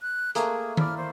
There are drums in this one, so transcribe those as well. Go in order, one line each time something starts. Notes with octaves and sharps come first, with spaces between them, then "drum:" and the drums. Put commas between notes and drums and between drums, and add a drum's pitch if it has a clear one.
F#6
A3 A#3 G#4, drum: hi-hat
E4 D5 F6, drum: tom D#3
C5